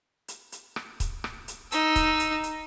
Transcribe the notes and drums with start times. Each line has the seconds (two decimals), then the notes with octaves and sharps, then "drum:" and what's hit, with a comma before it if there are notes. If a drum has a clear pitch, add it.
0.28 drum: hi-hat
0.52 drum: hi-hat
0.76 drum: rim click
1.00 drum: kick C#1, hi-hat
1.24 drum: rim click
1.48 drum: hi-hat
1.72 D#4 E6, drum: hi-hat
1.96 drum: kick C#1, hi-hat
2.20 drum: hi-hat
2.43 drum: hi-hat